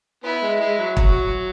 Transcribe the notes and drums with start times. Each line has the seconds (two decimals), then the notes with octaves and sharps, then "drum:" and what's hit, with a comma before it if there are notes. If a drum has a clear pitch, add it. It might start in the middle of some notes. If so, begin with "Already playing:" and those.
0.24 B3 E4
0.42 G#3
0.60 G#3 E4
0.78 F#3
0.97 F#3 F#4, drum: kick